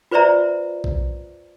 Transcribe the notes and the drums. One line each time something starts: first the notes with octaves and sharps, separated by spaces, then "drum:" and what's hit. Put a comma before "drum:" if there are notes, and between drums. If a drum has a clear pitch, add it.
F4 B4 C5 D5 E5 A#5
drum: kick B1